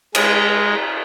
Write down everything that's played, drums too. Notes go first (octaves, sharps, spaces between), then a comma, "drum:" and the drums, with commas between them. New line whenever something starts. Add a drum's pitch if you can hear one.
G#3, drum: cymbal